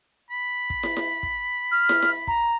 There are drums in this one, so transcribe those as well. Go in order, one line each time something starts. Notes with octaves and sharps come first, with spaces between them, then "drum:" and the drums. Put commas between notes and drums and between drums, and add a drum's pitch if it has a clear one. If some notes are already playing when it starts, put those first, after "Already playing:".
B5
drum: kick
drum: snare
drum: snare
drum: kick
F6
drum: snare
drum: snare
A#5, drum: kick